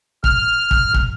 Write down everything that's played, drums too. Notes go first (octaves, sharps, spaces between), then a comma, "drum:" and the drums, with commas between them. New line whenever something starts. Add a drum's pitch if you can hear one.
F6, drum: kick
drum: kick
drum: kick